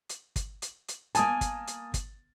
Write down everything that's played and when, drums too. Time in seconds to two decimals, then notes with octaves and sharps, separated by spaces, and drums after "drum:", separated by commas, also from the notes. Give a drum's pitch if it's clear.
0.09 drum: hi-hat
0.36 drum: kick, hi-hat
0.62 drum: hi-hat
0.88 drum: hi-hat
1.15 A#3 G#5 A5 D#6, drum: hi-hat
1.41 drum: kick, hi-hat
1.67 drum: hi-hat
1.94 drum: kick, hi-hat